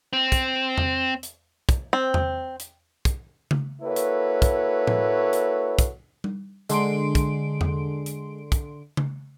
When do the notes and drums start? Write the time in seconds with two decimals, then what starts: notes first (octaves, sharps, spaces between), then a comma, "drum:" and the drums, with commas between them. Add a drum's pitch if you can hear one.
0.13 C4
0.32 drum: kick, hi-hat
0.78 drum: tom E2
1.23 drum: hi-hat
1.69 drum: kick, hi-hat
1.93 C4
2.14 drum: tom E2
2.60 drum: hi-hat
3.05 drum: kick, hi-hat
3.51 drum: tom C#3
3.82 A#3 E4 F#4 A4 B4 C#5
3.96 drum: hi-hat
4.42 drum: kick, hi-hat
4.87 drum: tom A2
5.33 drum: hi-hat
5.79 drum: kick, hi-hat
6.24 drum: tom G3
6.70 D3 G#3 C6 D7, drum: hi-hat
7.15 drum: kick, hi-hat
7.61 drum: tom E2
8.06 drum: hi-hat
8.52 drum: kick, hi-hat
8.97 drum: tom C#3